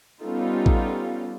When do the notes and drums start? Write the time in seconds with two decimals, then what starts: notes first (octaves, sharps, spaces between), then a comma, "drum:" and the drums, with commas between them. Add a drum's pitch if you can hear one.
0.21 G3 B3 C#4 D#4 F4 A4
0.66 drum: kick A1